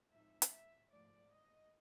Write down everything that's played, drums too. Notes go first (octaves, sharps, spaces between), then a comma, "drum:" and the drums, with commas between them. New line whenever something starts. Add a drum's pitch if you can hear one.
A2 F3 G#3 C4 D#4 E5
drum: hi-hat
E5
G#2 F3 A3 D5
D#5